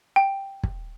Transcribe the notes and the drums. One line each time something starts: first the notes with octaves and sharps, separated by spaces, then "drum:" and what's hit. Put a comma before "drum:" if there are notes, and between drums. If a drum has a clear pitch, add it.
G5
drum: kick